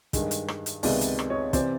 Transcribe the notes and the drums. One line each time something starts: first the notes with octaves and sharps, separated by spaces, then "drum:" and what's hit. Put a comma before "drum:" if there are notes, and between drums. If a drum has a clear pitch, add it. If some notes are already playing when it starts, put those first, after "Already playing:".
G2 D#3 G#3, drum: kick, hi-hat
drum: hi-hat
drum: rim click
drum: hi-hat
C#2 C3 D#3 G#3 B3 D5 E5, drum: open hi-hat
drum: hi-hat
drum: rim click
C#5 D#5
C3 E3 C5 D5, drum: kick, hi-hat